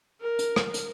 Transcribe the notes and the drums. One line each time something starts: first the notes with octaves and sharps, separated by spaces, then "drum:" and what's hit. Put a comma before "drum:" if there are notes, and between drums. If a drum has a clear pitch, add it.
A#4
drum: hi-hat
drum: rim click
drum: hi-hat